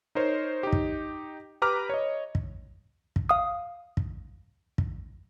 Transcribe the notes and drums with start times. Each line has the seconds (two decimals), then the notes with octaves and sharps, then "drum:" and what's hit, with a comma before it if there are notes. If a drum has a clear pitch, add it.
0.15 D#4 A#4 C5 C#5
0.63 D#4 G4
0.73 drum: kick
1.62 G4 B4 A#5 D6 F6
1.89 C#5 D#5
2.35 drum: kick
3.16 drum: kick
3.29 F5 D#6
3.97 drum: kick
4.78 drum: kick